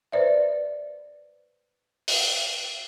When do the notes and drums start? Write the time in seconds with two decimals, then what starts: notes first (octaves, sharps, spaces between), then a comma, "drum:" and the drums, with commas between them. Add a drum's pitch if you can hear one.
0.12 B4 C5 D5 E5
2.08 drum: open hi-hat